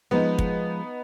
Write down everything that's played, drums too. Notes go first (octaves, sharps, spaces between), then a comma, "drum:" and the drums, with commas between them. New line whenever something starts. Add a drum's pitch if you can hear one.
F3 G#3 B3 D#4
drum: kick